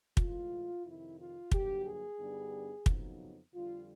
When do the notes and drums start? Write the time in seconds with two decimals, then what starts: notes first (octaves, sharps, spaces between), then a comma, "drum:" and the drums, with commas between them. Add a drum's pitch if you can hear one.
0.17 A2 E3 G#3 F4, drum: kick
0.84 F2 C3 D#3 E4
1.18 F4
1.52 G2 D3 F#3 A#3 G4, drum: kick
1.84 G#4
2.18 G2 D3 G3 B3 D#4
2.86 F2 C#3 F#3 B3 D#4, drum: kick
3.53 F2 D3 G3 F4